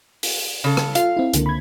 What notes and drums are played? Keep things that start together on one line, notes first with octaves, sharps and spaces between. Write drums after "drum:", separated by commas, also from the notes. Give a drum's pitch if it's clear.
drum: open hi-hat
C#3 A4
drum: rim click
F4 F5, drum: hi-hat
C4 E4
C#2 D3 A#3, drum: hi-hat
B5 G#6